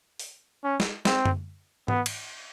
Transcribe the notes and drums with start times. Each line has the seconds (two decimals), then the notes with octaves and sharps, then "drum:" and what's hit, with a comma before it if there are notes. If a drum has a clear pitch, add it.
0.20 drum: open hi-hat
0.64 C#4
0.80 drum: snare
1.05 C4, drum: snare
1.25 drum: tom F#2
1.88 B3, drum: tom G#2
2.06 drum: cymbal